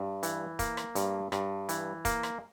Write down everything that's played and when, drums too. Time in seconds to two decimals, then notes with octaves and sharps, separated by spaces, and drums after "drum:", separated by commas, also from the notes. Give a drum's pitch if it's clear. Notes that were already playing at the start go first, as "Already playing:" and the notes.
Already playing: G2
0.23 E3, drum: hi-hat
0.59 A#3, drum: kick, hi-hat
0.77 drum: rim click
0.95 G2, drum: hi-hat
1.32 G2, drum: rim click
1.69 E3, drum: hi-hat
2.05 A#3, drum: kick, hi-hat
2.23 drum: rim click